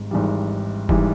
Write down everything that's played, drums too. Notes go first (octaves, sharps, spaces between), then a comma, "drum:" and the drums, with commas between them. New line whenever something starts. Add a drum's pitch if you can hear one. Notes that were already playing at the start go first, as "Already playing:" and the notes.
Already playing: G#1 G#2 G3
G#1 G#2 E3 G3
G#1 G#2 E3 G3, drum: kick F1